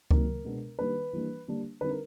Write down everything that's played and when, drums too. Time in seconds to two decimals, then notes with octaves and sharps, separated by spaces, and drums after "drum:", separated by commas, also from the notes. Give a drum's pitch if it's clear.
0.11 C3 D#3 F#3 A#3 A#4, drum: kick C#2
0.45 B2 G#3 B3 D4
0.79 D#3 G3 A#3 D4 B4
1.13 E3 G3 A#3 D4
1.48 D3 G3 A#3 D4
1.81 D3 G3 C4 D#4 B4
1.90 A#4